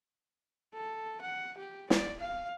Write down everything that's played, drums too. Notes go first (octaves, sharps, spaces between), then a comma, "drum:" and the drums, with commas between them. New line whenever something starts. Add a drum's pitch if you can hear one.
A4
F#5
G4
D5, drum: snare
F5